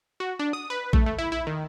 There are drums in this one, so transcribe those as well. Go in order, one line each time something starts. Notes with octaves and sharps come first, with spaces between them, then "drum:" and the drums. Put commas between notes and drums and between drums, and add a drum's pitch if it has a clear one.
F#4
D4
D#6
B4
A3, drum: kick A#1
A3
E4
E4
D#3